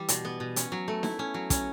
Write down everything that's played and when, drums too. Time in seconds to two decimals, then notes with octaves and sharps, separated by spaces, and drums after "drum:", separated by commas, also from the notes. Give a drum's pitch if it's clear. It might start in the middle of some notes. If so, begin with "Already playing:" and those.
Already playing: E3 G3
0.09 B2, drum: hi-hat
0.25 B3
0.40 B2
0.56 C#4, drum: hi-hat
0.72 F#3
0.88 A3
1.03 E4, drum: snare D#4
1.19 C#4
1.34 F#3
1.50 C#4, drum: kick, hi-hat